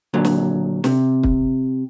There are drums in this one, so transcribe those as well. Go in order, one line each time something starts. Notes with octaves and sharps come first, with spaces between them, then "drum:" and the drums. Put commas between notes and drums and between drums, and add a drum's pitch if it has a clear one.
A#2 D3 F#3
drum: snare
C3, drum: snare
drum: kick